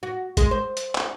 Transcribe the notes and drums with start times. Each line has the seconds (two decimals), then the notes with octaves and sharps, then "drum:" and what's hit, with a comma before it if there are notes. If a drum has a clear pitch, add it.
0.03 F#4
0.37 G#3, drum: kick, hi-hat
0.51 C5
0.77 drum: hi-hat
0.95 drum: clap